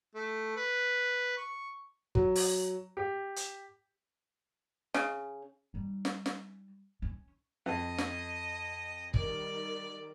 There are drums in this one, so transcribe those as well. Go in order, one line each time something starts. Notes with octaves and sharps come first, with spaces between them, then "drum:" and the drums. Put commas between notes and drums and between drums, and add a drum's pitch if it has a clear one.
A3
B4
C#6
F#3, drum: kick
drum: open hi-hat
G4
drum: hi-hat
C#3, drum: snare
G3 D#4
drum: snare
drum: snare
C#4
F2 D#5
drum: snare
D#3 G3 D5, drum: kick